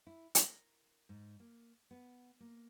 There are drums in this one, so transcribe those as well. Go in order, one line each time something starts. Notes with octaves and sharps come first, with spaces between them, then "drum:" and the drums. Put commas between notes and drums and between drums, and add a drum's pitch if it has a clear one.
E4
A#4, drum: hi-hat
G#2
A#3
B3
A#3